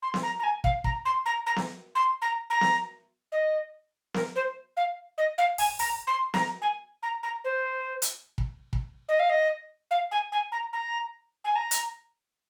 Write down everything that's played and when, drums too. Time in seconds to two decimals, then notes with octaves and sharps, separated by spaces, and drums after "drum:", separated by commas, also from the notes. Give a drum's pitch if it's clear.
0.02 C6
0.14 drum: snare B3
0.23 A#5
0.39 A#5
0.43 G#5
0.64 F5, drum: kick
0.84 A#5, drum: kick
1.05 C6
1.25 A#5
1.46 A#5
1.56 drum: snare B3
1.95 C6
2.22 A#5
2.50 A#5
2.61 drum: snare B3
3.32 D#5
4.14 A#4, drum: snare B3
4.35 C5
4.77 F5
5.18 D#5
5.38 F5
5.58 G#5, drum: open hi-hat
5.79 A#5, drum: open hi-hat
6.07 C6
6.34 A#5, drum: snare B3
6.61 G#5
7.03 A#5
7.23 A#5
7.44 C5
8.02 drum: hi-hat
8.38 drum: kick
8.73 drum: kick
9.08 D#5
9.19 F5
9.29 D#5
9.91 F5
10.11 G#5
10.32 G#5
10.52 A#5
10.73 A#5
11.44 G#5
11.56 A#5
11.71 drum: hi-hat